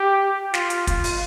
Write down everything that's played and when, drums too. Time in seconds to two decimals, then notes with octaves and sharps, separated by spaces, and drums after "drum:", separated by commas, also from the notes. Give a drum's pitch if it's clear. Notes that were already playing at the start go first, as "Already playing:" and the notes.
Already playing: G4
0.54 F4, drum: snare
0.70 drum: hi-hat
0.87 F4, drum: kick, hi-hat
1.04 drum: open hi-hat